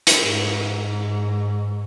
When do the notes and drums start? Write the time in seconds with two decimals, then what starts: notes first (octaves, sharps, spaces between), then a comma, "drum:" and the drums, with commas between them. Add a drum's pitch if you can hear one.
0.07 drum: hi-hat
0.20 G#2